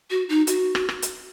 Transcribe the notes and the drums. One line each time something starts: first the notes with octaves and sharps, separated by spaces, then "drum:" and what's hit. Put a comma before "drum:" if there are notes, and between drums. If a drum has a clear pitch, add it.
F#4
D#4
F#4, drum: hi-hat
drum: rim click
drum: rim click
drum: hi-hat